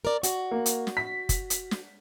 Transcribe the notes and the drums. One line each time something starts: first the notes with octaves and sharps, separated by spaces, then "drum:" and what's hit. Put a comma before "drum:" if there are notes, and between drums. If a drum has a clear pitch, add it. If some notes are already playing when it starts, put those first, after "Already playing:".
A#4 D5
F#4, drum: hi-hat
A#3
drum: hi-hat
drum: snare
B6
drum: kick F#1, hi-hat
drum: hi-hat
drum: snare